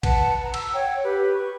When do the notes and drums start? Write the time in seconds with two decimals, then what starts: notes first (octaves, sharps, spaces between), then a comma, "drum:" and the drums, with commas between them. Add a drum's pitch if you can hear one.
0.03 B4 F#5 A5, drum: kick A#1, cymbal
0.42 A#5
0.54 E6, drum: cymbal
0.72 C#5 F#5 G5
1.04 G4 B4
1.33 C#6